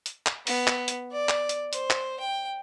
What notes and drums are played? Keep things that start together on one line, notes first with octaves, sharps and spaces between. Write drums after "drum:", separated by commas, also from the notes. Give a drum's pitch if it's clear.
drum: hi-hat
drum: clap
B3, drum: open hi-hat
drum: clap
drum: hi-hat
D5
drum: clap
drum: hi-hat
C5, drum: hi-hat
drum: clap
G5